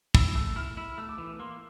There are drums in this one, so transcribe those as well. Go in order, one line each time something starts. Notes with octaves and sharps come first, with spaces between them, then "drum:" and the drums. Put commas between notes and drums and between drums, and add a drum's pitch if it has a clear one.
E4 E6, drum: kick
A3 E6
E4 F6
E4 E6
A3 E6
D6
E3
A#3 C6